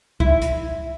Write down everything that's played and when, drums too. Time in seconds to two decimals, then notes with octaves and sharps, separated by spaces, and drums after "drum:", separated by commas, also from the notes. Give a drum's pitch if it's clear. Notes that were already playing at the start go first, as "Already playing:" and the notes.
0.20 E4, drum: kick C2
0.42 drum: hi-hat